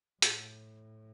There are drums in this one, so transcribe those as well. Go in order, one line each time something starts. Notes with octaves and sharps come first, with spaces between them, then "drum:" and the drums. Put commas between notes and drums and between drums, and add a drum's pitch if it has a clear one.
A2, drum: hi-hat